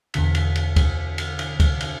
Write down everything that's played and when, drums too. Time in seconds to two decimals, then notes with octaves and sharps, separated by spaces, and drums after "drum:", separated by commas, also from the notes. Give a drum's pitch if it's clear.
0.14 E2 B2 D3 B6, drum: cymbal
0.35 drum: cymbal
0.56 drum: cymbal
0.76 drum: kick C#2, cymbal
1.18 drum: cymbal
1.39 drum: cymbal
1.60 drum: kick C#2, cymbal
1.81 drum: cymbal